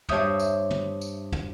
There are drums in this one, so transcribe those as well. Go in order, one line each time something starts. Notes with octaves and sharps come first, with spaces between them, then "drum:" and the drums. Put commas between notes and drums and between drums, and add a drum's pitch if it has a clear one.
G2 C5 C#5 E5 D#6 G6, drum: tom
drum: tambourine
drum: tom
drum: tambourine
drum: tom